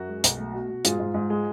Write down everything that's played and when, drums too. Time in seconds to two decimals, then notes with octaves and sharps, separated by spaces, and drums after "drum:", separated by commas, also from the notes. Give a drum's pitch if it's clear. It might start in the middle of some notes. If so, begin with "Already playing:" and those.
Already playing: F#2 F#4
0.08 G#3
0.24 B1, drum: hi-hat
0.39 A3
0.54 B2
0.69 B2
0.84 G#2 F4 G#4, drum: hi-hat
0.99 G#2
1.14 G#2
1.30 G#3